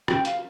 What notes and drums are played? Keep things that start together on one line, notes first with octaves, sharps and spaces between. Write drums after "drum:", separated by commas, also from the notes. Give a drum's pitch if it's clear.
G5, drum: rim click
F5, drum: hi-hat